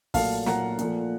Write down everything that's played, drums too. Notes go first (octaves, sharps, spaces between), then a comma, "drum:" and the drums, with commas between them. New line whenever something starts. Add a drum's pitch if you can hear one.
A#2 F#3 A3 F5 A5, drum: kick, open hi-hat
A#2 F#3 A3 F#5 A#5, drum: snare
A#2 F3 A3, drum: hi-hat